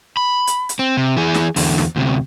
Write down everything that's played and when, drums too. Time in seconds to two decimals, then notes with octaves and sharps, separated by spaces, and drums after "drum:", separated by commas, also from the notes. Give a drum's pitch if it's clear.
0.17 B5
0.47 drum: hi-hat
0.69 drum: hi-hat
0.79 C4
0.97 C3
1.17 E3 G#4
1.34 drum: snare
1.56 E2 D3, drum: open hi-hat
1.78 drum: snare
1.96 D2 C3